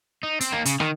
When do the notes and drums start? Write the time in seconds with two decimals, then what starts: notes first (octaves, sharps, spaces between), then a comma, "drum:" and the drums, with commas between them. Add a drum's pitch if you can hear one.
0.23 D#4
0.41 C4, drum: hi-hat
0.52 D#3 A#3
0.65 C#3, drum: hi-hat
0.80 D#3, drum: rim click